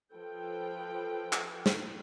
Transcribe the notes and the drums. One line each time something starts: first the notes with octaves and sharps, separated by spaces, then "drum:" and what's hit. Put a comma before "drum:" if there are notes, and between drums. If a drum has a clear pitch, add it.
F3 A4 B4 G5
drum: clap
drum: snare